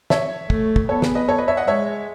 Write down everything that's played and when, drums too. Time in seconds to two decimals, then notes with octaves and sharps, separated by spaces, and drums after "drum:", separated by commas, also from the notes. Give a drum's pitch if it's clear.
0.10 C#5 E5, drum: snare
0.50 A3, drum: kick
0.76 drum: kick
0.89 B3 A4 C#5
1.02 G#4 B4, drum: snare
1.15 B4 D#5
1.28 A4 C#5
1.38 B4 D#5
1.48 C#5 E5
1.57 D#5 F#5
1.67 G#3 C#5 E5